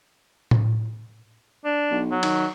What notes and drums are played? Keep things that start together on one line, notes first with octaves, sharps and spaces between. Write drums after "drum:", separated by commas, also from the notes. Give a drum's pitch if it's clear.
drum: tom A2
D4
B1
F#3
D#3, drum: cymbal